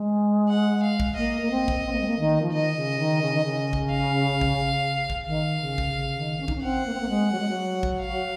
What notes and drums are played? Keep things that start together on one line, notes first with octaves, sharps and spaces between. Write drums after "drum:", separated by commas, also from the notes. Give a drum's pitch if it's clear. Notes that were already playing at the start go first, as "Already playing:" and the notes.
Already playing: G#3
F#5
F5
drum: kick A1
A#3 D#5
A#3
C4
drum: kick A1
C4
A#3
G#3
A#3
D#3
F3
D#3 D#5
C#3
D#3
C#3
D#3
C#3
drum: kick A1
F5
drum: kick A1
drum: kick A1
D#3 F5
C#3
drum: kick A1
C#3
D#3
C#4
D#4, drum: kick A1
C#4
C4 F#5
A#3
C4
A#3
G#3
F#3
G#3
F#3
drum: kick A1
F5